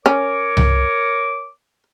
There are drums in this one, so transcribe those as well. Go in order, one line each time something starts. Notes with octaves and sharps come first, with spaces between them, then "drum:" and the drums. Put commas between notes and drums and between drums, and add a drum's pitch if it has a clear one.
C#4 A#4 C#5 D6
drum: tom C2